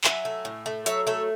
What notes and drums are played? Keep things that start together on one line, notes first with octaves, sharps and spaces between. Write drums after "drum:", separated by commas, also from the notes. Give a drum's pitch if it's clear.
F#3 E5 G#5, drum: clap
A3
A2
A3
F#3 C#5 E5, drum: hi-hat
A3 A4 C#5